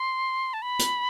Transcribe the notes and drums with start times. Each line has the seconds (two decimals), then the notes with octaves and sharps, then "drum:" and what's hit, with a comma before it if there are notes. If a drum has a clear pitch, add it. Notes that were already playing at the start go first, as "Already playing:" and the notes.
Already playing: C6
0.53 A5
0.62 B5
0.79 drum: hi-hat